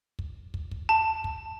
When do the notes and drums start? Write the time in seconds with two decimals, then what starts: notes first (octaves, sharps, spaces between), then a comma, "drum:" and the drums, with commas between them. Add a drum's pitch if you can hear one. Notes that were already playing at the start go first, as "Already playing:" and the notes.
0.19 drum: kick
0.54 drum: kick
0.71 drum: kick
0.89 A5
1.24 drum: kick